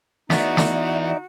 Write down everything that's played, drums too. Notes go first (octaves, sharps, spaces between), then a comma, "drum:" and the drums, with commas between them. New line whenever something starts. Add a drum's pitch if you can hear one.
E3 B3 D#4 F#4 D5 E5, drum: snare
drum: snare